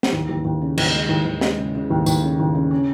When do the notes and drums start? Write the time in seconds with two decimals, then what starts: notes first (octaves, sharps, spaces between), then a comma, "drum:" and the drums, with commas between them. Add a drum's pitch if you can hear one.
0.03 drum: snare
0.13 D#2
0.29 D#2
0.45 D#2
0.62 C#3
0.78 D#2, drum: cymbal
0.94 G#3
1.09 D#2
1.26 D#2
1.41 G#3, drum: snare
1.58 C#3
1.75 C#3
1.90 D#2
2.06 D#2, drum: tambourine
2.23 C#3
2.39 D#2
2.55 C#3
2.71 C#4